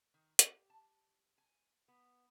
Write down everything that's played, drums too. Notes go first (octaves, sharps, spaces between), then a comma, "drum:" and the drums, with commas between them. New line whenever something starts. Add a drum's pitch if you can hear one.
D#3
G4, drum: hi-hat
A5
G#5
B3